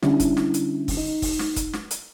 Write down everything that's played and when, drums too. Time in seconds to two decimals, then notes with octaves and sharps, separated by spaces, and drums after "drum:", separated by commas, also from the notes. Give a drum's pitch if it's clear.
0.03 D3 G3 C#4 D4 E4, drum: snare
0.20 drum: kick, hi-hat
0.37 drum: snare
0.54 drum: hi-hat
0.88 drum: kick, open hi-hat
0.97 D#4
1.22 drum: kick, open hi-hat
1.39 drum: snare
1.56 drum: kick, hi-hat
1.73 drum: snare
1.91 drum: hi-hat